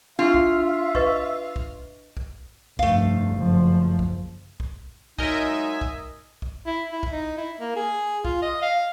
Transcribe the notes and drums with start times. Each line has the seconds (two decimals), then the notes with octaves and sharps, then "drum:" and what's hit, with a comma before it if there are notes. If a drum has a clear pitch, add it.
0.19 D4 E4 F4 E5 C#6
0.34 drum: kick
0.95 B4 D#5 C#6, drum: kick
1.56 drum: kick
2.17 drum: kick
2.79 F1 G2 A3 F5, drum: kick
3.33 F#1 F3
3.99 drum: kick
4.60 drum: kick
5.18 F#3 G#3 D#4 A#4 D#5 E5 G#5, drum: kick
5.81 drum: kick
6.42 drum: kick
6.66 E4
6.92 E4
7.03 drum: kick
7.12 D#4
7.37 E4
7.60 A#3
7.76 G#4
8.25 F4, drum: kick
8.42 D#5
8.62 F5